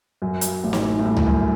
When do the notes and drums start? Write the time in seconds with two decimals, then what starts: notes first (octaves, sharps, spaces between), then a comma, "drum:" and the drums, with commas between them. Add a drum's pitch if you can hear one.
0.22 F#2 F#3
0.41 drum: hi-hat
0.64 A1 A2
0.73 drum: snare
0.99 A2
1.05 G2
1.17 G2, drum: tom C#2
1.26 F#2